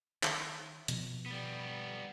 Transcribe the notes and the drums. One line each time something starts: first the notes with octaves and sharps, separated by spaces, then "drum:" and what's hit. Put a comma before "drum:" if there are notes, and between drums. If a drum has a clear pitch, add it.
D#3, drum: clap
B2 F3 F#3, drum: hi-hat
G3 B3